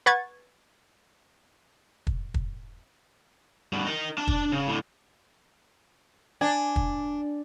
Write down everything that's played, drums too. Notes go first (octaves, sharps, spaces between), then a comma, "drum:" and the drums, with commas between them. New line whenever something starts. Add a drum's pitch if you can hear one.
B4 F#5 C#6 G#6 A6
drum: kick
drum: kick
G2 B2
D#4 A#4
D4 A5
drum: kick
C#3
A2 D3
D4 G#5
drum: kick